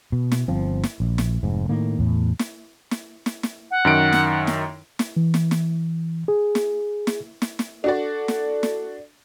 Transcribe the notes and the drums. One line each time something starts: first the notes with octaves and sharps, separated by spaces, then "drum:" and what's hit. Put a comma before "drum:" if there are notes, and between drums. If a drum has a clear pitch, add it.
B2
drum: snare
G1 F3 C4
drum: snare
A#1
drum: snare
F1 G#2
A2 D#3 A#3
E2 A2
drum: snare
drum: snare
drum: snare
drum: snare
F#5
F#2 D#3 D7
drum: snare
drum: snare
drum: snare
E3
drum: snare
drum: snare
G#4
drum: snare
drum: snare
drum: snare
drum: snare
D4 F#4 A4 D5
drum: snare
drum: snare